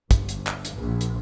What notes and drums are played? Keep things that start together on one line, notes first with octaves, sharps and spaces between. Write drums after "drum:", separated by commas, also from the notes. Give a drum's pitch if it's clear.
G1, drum: kick, hi-hat
drum: hi-hat
drum: clap
drum: hi-hat
A#1
drum: hi-hat